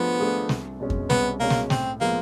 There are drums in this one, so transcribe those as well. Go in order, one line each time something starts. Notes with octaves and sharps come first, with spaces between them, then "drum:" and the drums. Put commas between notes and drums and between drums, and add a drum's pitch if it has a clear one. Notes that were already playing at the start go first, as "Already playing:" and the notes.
Already playing: F3 A3 B3 D4 F4 G#4
A3 D4 F4 G#4
C2, drum: snare
B2 G#3 C#4
drum: kick F2
C2 B3, drum: snare
B2 G#3 A#3 C#4
drum: snare
A2 C4, drum: snare
F3 G#3 A#3 B3